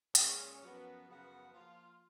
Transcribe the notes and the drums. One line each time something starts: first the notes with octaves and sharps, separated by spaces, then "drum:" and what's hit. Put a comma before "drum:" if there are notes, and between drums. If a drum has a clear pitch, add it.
A#2 G#3 C#4 F4 G#4, drum: hi-hat
F#2 F3 B3 F#4
F#2 C#3 F3 B3 F#4
F3 A#3 F4